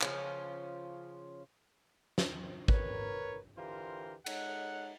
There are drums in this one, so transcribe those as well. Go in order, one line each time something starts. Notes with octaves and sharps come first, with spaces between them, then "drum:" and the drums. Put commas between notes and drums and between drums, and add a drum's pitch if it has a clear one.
C#3 F3 C#4 F4, drum: clap
drum: snare
A#4 B4 C#5, drum: kick
D3 E3 F4 G4 A#4 C5
G#3 D#4 A4 C#5 F#5, drum: cymbal